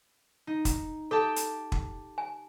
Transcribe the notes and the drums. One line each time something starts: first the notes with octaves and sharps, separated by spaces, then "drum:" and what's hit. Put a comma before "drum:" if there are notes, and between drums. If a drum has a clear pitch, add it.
D#4
drum: kick, hi-hat
G4 A4 G5 A5
drum: hi-hat
drum: kick
G#5